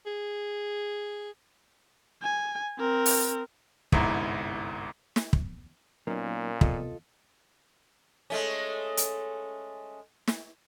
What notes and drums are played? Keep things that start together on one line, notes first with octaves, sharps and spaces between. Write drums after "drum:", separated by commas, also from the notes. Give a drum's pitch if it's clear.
G#4
G#5
C4 A#4
drum: open hi-hat
G1 C2 G#2 E4 A#5, drum: kick
drum: snare
drum: kick
A#2 F#3 A#3 B3 C#4 D#4
C3 B3 F4 A4 D#5, drum: kick
G#3 A3 C#4
drum: hi-hat
drum: snare